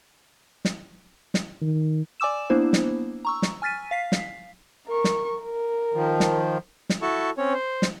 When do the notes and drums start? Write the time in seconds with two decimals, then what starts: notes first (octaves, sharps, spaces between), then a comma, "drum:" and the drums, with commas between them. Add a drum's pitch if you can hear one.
0.65 drum: snare
1.34 drum: snare
1.62 D#3
2.20 D5 G#5 D6 E6 E7
2.50 A#3 B3 D4 E4 C5
2.73 drum: snare
3.25 A#5 C#6 E6
3.42 drum: snare
3.62 G#5 F6 A6 B6 D#7
3.91 F5 B6 C7
4.12 drum: snare
4.87 A#4 C#6
5.04 drum: snare
5.42 A#4
5.94 D#3 F3
6.20 drum: snare
6.89 drum: snare
7.02 E4 F#4 A4 A5 C#6
7.38 C4 C#4 C#5
7.53 C5
7.82 drum: snare